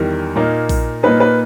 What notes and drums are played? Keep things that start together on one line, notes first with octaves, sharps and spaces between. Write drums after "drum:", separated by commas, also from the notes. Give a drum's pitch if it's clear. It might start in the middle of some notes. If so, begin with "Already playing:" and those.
Already playing: E2 D#3 G3 A#4
A#2 A#3 D#4
drum: kick A#1, open hi-hat
A#2 A#3 D#4 B4
B4